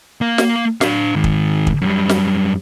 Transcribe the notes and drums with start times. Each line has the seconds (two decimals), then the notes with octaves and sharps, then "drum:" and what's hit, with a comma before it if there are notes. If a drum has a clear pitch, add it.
0.21 A#3 F5
0.38 drum: snare
0.81 D4 F5, drum: snare
1.15 G#2 D#3
1.24 drum: kick
1.67 drum: kick
1.82 F#2 G3
2.09 drum: snare